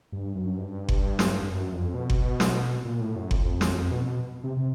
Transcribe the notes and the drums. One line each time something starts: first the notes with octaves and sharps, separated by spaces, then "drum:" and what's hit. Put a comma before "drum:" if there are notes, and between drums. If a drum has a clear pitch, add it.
G2
F#2
G2
drum: kick F#1
drum: snare
G2
F#2
F2
B2
drum: kick F#1
drum: snare
A#2
A2
F#2
F2, drum: kick F#1
F2
E2, drum: snare
F#2
F2
B2
B2
C3
C3